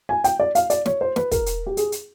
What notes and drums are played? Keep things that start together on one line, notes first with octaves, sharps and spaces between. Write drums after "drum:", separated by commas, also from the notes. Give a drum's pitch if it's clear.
G#5
G5, drum: hi-hat
D5
F5, drum: hi-hat
D5, drum: hi-hat
C#5, drum: snare
C5
B4, drum: snare
A#4, drum: kick, hi-hat
drum: hi-hat
G4
G#4, drum: hi-hat
drum: hi-hat